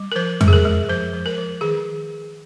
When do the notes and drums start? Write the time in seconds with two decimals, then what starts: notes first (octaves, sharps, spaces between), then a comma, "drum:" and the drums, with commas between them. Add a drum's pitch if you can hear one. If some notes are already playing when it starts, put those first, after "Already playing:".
Already playing: G3
0.12 A#4
0.16 F3 C5
0.41 G#3, drum: tom
0.48 G#4
0.53 A#4
0.65 G#3
0.89 F3 C5
1.13 F3
1.26 A#4
1.38 F3
1.61 D#3 G#4